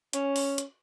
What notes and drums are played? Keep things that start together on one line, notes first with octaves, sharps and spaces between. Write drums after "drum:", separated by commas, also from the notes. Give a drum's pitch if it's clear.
C#4, drum: hi-hat
drum: open hi-hat
drum: hi-hat